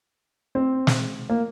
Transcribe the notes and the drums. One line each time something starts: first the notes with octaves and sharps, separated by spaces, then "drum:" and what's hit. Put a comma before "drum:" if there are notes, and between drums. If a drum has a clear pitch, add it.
C4
drum: snare
A#3